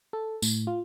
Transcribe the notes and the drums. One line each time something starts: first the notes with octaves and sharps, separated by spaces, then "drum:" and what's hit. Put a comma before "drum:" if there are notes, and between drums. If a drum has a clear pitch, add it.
A4
A2, drum: tambourine
F4